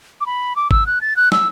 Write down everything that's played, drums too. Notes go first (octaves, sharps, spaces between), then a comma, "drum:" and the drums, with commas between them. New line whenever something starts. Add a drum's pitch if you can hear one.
D6
B5
D6
E6, drum: kick G#1
F#6
A6
F#6
E6, drum: snare